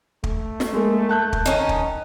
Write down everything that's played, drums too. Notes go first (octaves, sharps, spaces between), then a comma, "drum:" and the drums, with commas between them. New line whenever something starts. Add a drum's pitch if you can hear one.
A3, drum: kick
drum: snare
G#3 A#3
A5 F#6 G6
drum: kick
D#3 C#4 D#4
drum: kick